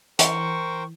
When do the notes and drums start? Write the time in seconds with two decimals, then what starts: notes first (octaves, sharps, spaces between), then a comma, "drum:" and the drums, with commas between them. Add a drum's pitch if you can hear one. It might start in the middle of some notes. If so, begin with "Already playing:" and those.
0.19 E3 A#4 C5 G5 C#6, drum: hi-hat